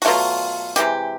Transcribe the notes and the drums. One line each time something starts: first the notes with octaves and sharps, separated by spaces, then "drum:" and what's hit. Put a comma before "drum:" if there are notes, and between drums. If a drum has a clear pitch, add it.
F#4, drum: open hi-hat
B2 F#3 A3 F4
C3 E3 G#3 G4, drum: hi-hat